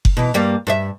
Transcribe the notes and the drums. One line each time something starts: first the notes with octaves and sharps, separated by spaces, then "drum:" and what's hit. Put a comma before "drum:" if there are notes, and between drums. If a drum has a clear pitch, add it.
drum: kick F#1
B2 E3
G2 G3 A#3
G2 C5 E5